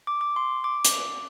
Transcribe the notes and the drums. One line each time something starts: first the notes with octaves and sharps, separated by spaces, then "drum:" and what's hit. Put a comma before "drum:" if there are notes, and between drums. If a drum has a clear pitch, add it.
D6
D6
C6
D6
drum: hi-hat